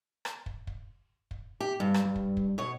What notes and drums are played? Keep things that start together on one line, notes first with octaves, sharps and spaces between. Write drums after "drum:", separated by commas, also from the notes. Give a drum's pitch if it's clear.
drum: rim click
drum: kick
drum: kick
drum: kick
G4
G2 G3
drum: rim click
G3
drum: kick
drum: kick
B2 C#5